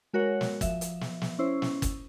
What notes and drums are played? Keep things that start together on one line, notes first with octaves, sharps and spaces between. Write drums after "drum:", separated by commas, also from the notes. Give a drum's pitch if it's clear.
G#3 F#4 A#4 C#5 F#5
drum: snare
F3 E5, drum: kick G1, hi-hat
drum: hi-hat
drum: snare
drum: snare
C#4 E4 C5
drum: snare
drum: kick G1, hi-hat